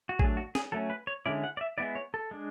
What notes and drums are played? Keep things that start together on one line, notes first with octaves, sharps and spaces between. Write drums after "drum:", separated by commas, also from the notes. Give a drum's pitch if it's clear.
F#4
F#3 A3 D4 G#4, drum: kick A1
F#4
G#4, drum: snare
F#3 A3 C#4 A4
B4
C#5
D3 G#3 C#4 E4 D5
F#5
D5
E5
G#3 B3 E4 D5
C#5
A4
G#3 D4